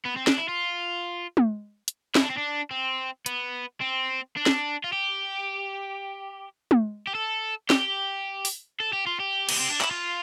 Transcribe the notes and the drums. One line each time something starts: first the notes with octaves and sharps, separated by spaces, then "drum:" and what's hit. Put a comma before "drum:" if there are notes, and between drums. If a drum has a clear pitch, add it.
B3
C4
D4, drum: snare
E4
F4
drum: tom
drum: hi-hat
E4, drum: snare
D4
C4
D4
C4
B3, drum: hi-hat
C4
D4
drum: snare
F4
G4
drum: tom
G4
A4
G4, drum: snare
drum: open hi-hat
A4
G4
F4
G4
B3, drum: cymbal
C4
D4
E4, drum: clap
F4